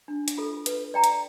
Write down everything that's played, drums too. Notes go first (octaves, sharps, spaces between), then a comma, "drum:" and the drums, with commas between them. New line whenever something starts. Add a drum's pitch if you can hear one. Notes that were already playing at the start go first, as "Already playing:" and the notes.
D4
drum: hi-hat
F4 A4
B4, drum: hi-hat
D5 G5 A#5
drum: hi-hat